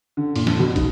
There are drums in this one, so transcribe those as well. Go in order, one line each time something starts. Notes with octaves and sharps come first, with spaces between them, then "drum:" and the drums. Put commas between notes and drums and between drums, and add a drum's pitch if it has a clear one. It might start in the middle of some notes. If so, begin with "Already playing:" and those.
D3
A#2, drum: open hi-hat
F2, drum: snare
B2
G#2, drum: kick, hi-hat